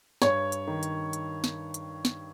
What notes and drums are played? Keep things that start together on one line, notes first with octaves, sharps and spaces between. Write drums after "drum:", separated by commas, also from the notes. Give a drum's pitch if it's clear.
G2 C#5, drum: snare
drum: hi-hat
D#3
drum: hi-hat
drum: hi-hat
drum: snare
drum: hi-hat
drum: snare